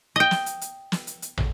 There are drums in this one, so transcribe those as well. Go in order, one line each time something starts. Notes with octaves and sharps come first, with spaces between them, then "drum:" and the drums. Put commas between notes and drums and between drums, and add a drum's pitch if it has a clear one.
D#5 G5
drum: snare
drum: hi-hat
drum: hi-hat
drum: snare
drum: hi-hat
drum: hi-hat
drum: tom